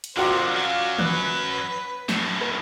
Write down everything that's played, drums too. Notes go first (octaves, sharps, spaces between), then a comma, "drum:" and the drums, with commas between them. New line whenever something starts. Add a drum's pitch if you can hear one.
drum: hi-hat
F2 D3 F4 F#4 A#4 C5 D6
F#2 F#3 D5 F5
B4 F#6, drum: tom D3
F#2 A2, drum: snare
drum: rim click